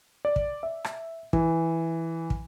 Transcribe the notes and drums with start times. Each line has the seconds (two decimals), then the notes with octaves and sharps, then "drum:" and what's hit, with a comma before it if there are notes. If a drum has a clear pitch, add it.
0.25 D5
0.36 drum: kick
0.63 E5
0.84 drum: rim click
1.33 E3, drum: kick
2.30 drum: kick